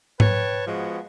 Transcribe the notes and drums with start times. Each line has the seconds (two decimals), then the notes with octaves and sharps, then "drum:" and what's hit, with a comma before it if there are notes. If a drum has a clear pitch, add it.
0.20 B4 C#5 G5 A5, drum: tom G#2
0.66 F3 G#3 B3 F#4